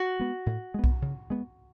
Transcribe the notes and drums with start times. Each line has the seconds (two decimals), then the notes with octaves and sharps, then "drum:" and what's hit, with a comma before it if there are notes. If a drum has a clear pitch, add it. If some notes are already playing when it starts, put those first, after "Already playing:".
Already playing: F#4
0.19 G#3 B3
0.46 A2
0.74 G#3 B3
0.84 drum: kick B1
1.02 C#3
1.30 G#3 B3